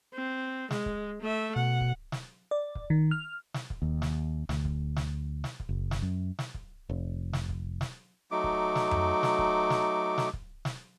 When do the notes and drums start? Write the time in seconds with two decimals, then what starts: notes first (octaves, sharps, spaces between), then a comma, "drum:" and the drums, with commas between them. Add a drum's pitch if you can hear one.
0.14 C4
0.71 G#3, drum: snare
0.86 drum: kick
1.22 A3 E5
1.56 B2 F#5
1.81 drum: kick
2.12 drum: snare
2.51 D5
2.75 drum: kick
2.90 D#3
3.11 F6
3.54 drum: snare
3.70 drum: kick
3.82 D#2
4.02 drum: snare
4.49 D2, drum: snare
4.65 drum: kick
4.96 drum: snare
5.44 drum: snare
5.60 drum: kick
5.69 F#1
5.91 drum: snare
6.02 F#2
6.39 drum: snare
6.54 drum: kick
6.90 F1
7.33 drum: snare
7.49 drum: kick
7.81 drum: snare
8.31 F#3 A3 D#4 D6
8.44 drum: kick
8.75 drum: snare
8.91 drum: tom F2
9.23 drum: snare
9.39 drum: kick
9.70 drum: snare
10.18 drum: snare
10.33 drum: kick
10.65 drum: snare